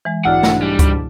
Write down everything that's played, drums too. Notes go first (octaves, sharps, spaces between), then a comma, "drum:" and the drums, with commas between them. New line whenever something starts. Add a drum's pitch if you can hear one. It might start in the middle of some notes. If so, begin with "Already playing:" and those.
E3 G#3
B1 G#2 D4 E4 F#4 F#5 F6
drum: snare
G3
drum: kick C#2, hi-hat